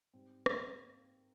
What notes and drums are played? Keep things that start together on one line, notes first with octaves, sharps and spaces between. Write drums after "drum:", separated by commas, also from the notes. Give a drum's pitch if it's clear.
G#2 G3 C4
C4, drum: rim click
A#3